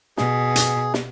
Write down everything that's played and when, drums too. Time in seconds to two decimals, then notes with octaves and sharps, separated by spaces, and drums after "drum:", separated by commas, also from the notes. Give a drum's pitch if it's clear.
0.17 B2 G#4, drum: snare
0.56 drum: hi-hat
0.94 drum: snare